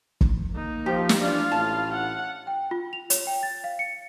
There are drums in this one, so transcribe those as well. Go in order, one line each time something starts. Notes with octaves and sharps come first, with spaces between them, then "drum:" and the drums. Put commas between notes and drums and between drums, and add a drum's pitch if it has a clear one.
drum: kick
A#3 D#4
F3 G4
drum: snare
E3 D4 F4 F5
A1 A2 A5
F#5
G5
F4
F7
C#5, drum: hi-hat
G5
A6
F5
C#7